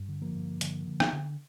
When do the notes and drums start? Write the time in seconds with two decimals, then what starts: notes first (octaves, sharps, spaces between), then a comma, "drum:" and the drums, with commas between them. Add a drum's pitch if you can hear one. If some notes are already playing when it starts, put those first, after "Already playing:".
Already playing: G2
0.08 D3
0.21 F3 A#3
0.35 G2
0.61 D3, drum: hi-hat
0.87 D3
1.00 drum: rim click
1.13 D3